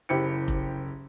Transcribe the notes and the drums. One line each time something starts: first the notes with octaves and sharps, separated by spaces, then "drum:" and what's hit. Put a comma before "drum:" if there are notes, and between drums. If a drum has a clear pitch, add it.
F#1 E4 G4 C5 C#7
drum: kick F1